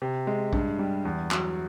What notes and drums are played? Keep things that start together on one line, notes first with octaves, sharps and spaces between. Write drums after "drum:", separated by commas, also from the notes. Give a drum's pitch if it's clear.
C3
G#3
G2, drum: kick A#1
G3
E2
F#3, drum: clap